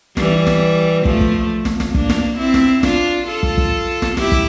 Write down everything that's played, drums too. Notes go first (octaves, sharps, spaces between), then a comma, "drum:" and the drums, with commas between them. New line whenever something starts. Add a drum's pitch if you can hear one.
E3 G3, drum: snare
drum: snare
F3 A3, drum: kick
drum: kick
drum: snare
drum: snare
A#3 D4, drum: kick
drum: snare
C4 E4
drum: snare
D4 F4, drum: snare
F4 A4
drum: kick
drum: kick
drum: snare
E4 G4, drum: snare
drum: kick